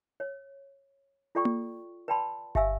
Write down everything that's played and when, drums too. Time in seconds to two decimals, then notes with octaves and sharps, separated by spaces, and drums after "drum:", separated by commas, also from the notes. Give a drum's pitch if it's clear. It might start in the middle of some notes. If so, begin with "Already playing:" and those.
0.20 C#5
1.35 F4 A4 D5 G5 C#6
1.45 drum: tom A#3
2.08 B4 D5 G5 A5 B5 C6
2.55 G4 E5 F5 G#5 E6, drum: kick G1